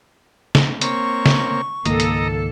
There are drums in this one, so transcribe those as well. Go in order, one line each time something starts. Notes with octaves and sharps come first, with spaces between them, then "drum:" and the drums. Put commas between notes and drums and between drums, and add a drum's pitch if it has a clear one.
drum: snare
A#3 C4 C#5 C#6, drum: hi-hat
drum: snare
C#2 G#2 D#3 A#3 A4 D#5 A#5, drum: hi-hat
drum: hi-hat